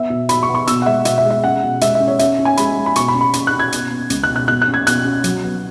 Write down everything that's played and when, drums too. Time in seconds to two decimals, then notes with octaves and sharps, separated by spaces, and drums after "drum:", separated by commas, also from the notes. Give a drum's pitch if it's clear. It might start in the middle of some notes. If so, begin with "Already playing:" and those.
Already playing: B3 E5
0.10 B2
0.29 B2 B5, drum: hi-hat
0.43 C#6
0.49 B3
0.54 C#6
0.67 B2 E6, drum: hi-hat
0.82 F#5
0.86 G#3 E5
1.05 B2 E5, drum: hi-hat
1.18 E5
1.25 G#3
1.30 E5
1.44 C#4 F#5
1.63 B2
1.81 G#3 E5, drum: hi-hat
1.95 E5
2.00 C#4
2.08 C#5
2.19 C#4 E5, drum: hi-hat
2.39 C#4
2.45 G#5
2.57 G#3 B5, drum: hi-hat
2.77 G#3
2.86 B5
2.96 B2 C#6, drum: hi-hat
3.08 B5
3.15 C#4
3.21 B5
3.33 C#4 B5, drum: hi-hat
3.47 F#6
3.53 C#4
3.59 G#6
3.72 B2, drum: hi-hat
3.91 B3
4.10 C#2, drum: hi-hat
4.24 F#6
4.29 B2
4.36 F#6
4.48 B2 F#6
4.62 F#6
4.68 C#4
4.74 G#6
4.87 B2 F#6, drum: hi-hat
5.05 C#4
5.24 F#3, drum: hi-hat
5.44 B3